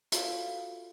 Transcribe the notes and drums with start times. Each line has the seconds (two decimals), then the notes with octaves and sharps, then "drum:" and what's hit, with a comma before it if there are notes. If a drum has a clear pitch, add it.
0.12 F4 F#4 A4 E5 F5, drum: hi-hat